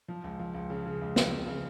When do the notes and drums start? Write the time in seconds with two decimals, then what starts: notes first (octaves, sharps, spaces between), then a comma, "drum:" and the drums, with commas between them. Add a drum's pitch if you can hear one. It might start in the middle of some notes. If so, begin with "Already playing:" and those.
0.09 F3
0.24 C#2
0.39 F3
0.54 C#2
0.70 C#3
0.86 C#3
1.01 C#2
1.16 C#2, drum: snare
1.32 C#2
1.47 C#3